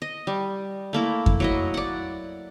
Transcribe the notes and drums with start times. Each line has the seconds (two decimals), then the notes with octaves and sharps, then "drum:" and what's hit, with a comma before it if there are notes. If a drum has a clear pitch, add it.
0.02 D#5
0.27 G3
0.93 A3 A#3 E4
1.26 drum: kick F2
1.40 F#3 E4 D#5
1.74 D5 F#5